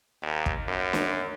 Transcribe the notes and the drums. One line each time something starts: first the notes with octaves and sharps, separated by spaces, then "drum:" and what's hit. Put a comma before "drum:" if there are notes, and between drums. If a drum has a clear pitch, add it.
D#2
drum: kick
F#2
drum: snare